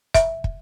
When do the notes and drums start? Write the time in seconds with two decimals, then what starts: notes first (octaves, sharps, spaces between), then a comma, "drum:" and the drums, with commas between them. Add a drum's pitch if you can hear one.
0.14 E5, drum: kick, hi-hat
0.44 drum: kick